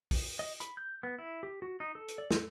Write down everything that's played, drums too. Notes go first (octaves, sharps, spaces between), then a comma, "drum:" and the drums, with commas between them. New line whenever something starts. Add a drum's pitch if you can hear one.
drum: kick, open hi-hat
D#5
B5, drum: hi-hat
G6
B3
E4
G4
F#4
D#4
A4
drum: hi-hat
D5
A4, drum: snare